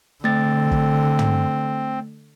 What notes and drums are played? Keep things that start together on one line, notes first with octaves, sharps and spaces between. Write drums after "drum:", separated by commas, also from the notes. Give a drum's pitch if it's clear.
D3 A3 C4 A6
drum: kick
drum: tom